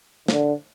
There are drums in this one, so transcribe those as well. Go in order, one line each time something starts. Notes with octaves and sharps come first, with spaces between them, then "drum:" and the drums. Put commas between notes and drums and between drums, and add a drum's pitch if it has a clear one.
D3, drum: snare